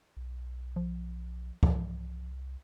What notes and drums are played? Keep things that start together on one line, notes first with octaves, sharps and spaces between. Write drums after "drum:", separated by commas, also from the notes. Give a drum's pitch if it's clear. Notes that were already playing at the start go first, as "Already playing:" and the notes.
B1
F3
C2 F3, drum: kick